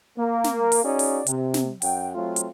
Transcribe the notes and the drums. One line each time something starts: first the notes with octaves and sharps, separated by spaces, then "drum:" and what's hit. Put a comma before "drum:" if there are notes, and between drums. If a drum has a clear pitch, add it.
A#3
drum: snare
drum: open hi-hat
C#4 D#4 F#4 G#4 D5
drum: open hi-hat
C3, drum: hi-hat
drum: snare
F#2 F#5 G5, drum: open hi-hat
F#3 A3 C4 F4
drum: hi-hat